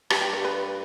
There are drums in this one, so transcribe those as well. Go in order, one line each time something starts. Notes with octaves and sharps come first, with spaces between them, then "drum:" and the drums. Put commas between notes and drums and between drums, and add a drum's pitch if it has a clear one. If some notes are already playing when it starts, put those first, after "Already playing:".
G2 G4, drum: rim click
G4
A#4
B4